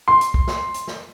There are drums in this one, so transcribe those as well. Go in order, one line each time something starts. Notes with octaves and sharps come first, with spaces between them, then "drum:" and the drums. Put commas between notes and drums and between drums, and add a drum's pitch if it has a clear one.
C6
drum: hi-hat
drum: kick
drum: snare
drum: hi-hat
drum: snare